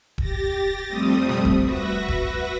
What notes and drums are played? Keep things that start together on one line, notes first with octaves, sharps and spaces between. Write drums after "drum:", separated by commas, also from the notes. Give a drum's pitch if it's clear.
G4 A6 A#6, drum: kick D#1
F2 G3 A3 C4 D#6
drum: snare
drum: kick D#1
F#4 B4 E5 A#6
drum: kick D#1